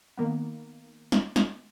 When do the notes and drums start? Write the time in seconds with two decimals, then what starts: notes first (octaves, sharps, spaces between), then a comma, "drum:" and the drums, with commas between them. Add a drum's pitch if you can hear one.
0.17 D#3 A#3 B3
1.12 drum: snare
1.36 drum: snare